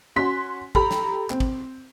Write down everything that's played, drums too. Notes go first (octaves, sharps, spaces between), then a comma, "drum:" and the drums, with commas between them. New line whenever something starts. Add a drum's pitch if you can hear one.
C#4 F#4 C6 B6
G4 A4 A#5 B5, drum: kick
drum: snare
C4, drum: clap
drum: kick